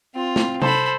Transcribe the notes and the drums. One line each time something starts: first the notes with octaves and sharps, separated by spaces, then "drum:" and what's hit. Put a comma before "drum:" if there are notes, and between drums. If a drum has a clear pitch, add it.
C4 F4
drum: snare
A4 C5 B5, drum: tom C3